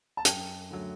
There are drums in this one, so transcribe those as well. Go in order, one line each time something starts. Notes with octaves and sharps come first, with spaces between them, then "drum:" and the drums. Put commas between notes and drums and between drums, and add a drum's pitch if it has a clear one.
A5
F#2 G5, drum: hi-hat
D3 F#3 A3